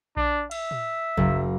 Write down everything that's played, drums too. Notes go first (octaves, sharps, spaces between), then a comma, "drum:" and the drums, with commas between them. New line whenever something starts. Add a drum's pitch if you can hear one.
D4, drum: kick A#1
E5, drum: cymbal
drum: tom
F#1, drum: kick A#1